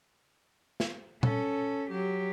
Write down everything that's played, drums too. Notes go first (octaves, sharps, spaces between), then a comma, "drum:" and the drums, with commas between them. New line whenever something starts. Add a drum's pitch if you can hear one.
drum: snare
C#4 A4, drum: tom A#2
F#3 G4